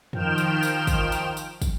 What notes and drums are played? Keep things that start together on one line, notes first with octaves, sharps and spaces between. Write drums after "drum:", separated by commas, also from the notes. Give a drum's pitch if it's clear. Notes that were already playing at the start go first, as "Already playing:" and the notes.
D#3 F3 G5 F6 G6 E7, drum: tom F2
drum: tambourine
drum: tambourine
drum: kick, tambourine
drum: tambourine
drum: tambourine
drum: kick, tambourine